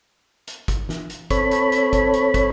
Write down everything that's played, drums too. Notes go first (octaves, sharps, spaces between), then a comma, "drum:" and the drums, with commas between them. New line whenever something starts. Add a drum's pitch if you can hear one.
drum: hi-hat
drum: kick, hi-hat
drum: snare
drum: hi-hat
C4 A4 C#5 B5, drum: kick, hi-hat
drum: hi-hat
drum: hi-hat
drum: kick, hi-hat
drum: hi-hat
drum: kick, hi-hat